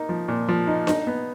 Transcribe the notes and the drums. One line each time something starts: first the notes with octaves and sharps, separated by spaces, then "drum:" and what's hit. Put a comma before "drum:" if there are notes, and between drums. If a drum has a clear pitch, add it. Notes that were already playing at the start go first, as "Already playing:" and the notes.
Already playing: A#3 D#4
F3
A#2
F3
D#4
D#4, drum: snare D4
B3